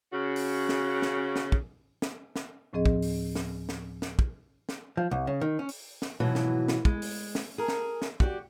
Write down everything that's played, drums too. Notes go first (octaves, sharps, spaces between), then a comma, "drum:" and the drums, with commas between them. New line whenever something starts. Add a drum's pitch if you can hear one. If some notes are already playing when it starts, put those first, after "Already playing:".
C#3 F#4
drum: open hi-hat
drum: snare
drum: snare
drum: snare
drum: kick
drum: snare
drum: snare
D2 A2 F3 C4 G#4 D#5
drum: kick
drum: open hi-hat
drum: snare
drum: snare
drum: snare
drum: kick
drum: snare
F3
C2
C#3
D#3
C#4
drum: open hi-hat
drum: snare
F2 G#2 B2 E3 F#3
drum: snare
drum: snare
G#3, drum: kick
drum: open hi-hat
drum: snare
G#4 A#4
drum: snare
drum: snare
F#4 G4 D5, drum: kick